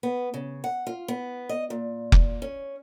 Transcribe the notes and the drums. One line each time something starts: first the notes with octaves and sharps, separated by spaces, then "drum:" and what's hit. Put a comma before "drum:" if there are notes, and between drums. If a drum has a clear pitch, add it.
B3
C#3
F#5
F4
B3
D#5
A#2
drum: kick F1
C#4